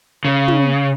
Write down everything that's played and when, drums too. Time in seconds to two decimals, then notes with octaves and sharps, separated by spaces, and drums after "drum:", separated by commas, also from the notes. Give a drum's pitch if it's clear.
0.25 C#3
0.48 drum: tom